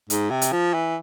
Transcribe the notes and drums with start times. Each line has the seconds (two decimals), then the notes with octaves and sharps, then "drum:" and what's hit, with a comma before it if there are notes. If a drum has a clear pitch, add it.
0.10 G#2, drum: hi-hat
0.31 C3
0.42 drum: hi-hat
0.52 F3
0.74 E3